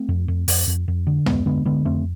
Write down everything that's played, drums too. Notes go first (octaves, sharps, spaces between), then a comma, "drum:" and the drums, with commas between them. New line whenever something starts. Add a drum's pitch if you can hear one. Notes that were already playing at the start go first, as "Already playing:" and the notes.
Already playing: A3 C4
F2
F2
F2, drum: open hi-hat
F2
F2
D3
F2 G#3 B3, drum: tom
D3 G#3 B3
D3 G#3 B3
F2 A3 C4